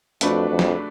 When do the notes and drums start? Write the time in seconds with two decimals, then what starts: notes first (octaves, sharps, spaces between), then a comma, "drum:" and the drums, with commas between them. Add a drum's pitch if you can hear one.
0.21 F2 A3 D4 F#4 B4, drum: hi-hat
0.49 F2
0.59 drum: snare